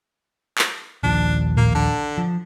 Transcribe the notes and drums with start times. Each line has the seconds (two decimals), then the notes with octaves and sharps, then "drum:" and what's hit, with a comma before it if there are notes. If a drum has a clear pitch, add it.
0.58 drum: clap
1.03 A#1 D#2 F3 D4
1.57 A#3, drum: tom A2
1.75 D3
2.18 F3